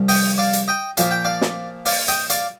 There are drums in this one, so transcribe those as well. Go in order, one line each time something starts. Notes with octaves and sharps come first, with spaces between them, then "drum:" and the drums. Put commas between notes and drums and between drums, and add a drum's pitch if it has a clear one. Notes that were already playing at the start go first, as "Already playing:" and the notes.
Already playing: C2 F3
D#5 G5, drum: open hi-hat
D5 F5
drum: hi-hat
D#5 G5
A#2 F3 A#3 F5, drum: hi-hat
G5
D5 F5
drum: snare
D5 F5, drum: open hi-hat
D#5 G5, drum: hi-hat
D5 F5, drum: hi-hat